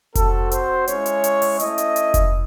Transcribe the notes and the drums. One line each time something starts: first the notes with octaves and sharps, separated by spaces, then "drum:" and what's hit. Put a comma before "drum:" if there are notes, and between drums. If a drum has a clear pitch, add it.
C4 F#4 A4, drum: kick F1, hi-hat
C5, drum: hi-hat
G#3 C#4 E4 C#5, drum: hi-hat
drum: hi-hat
drum: hi-hat
drum: open hi-hat
A3 C#4 E4 D#5, drum: hi-hat
drum: hi-hat
drum: hi-hat
drum: kick F1, hi-hat